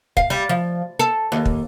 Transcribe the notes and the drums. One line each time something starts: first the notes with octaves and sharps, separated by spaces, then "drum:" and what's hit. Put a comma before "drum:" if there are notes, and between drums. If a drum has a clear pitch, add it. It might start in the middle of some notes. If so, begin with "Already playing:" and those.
F5, drum: kick
G3
F3
A4
D#2
drum: kick